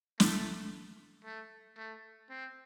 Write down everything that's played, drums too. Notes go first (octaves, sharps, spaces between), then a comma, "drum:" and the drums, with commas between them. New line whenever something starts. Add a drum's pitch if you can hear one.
A3, drum: snare
A3
A3
C4